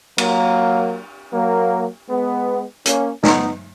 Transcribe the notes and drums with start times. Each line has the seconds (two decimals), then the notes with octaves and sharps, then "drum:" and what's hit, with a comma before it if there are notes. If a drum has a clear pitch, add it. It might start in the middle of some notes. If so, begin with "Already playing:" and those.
0.18 F#3 A#3, drum: cymbal
1.32 F#3 A#3
2.09 G#3 B3
2.86 A#3 C#4, drum: hi-hat
3.23 B3 D#4, drum: snare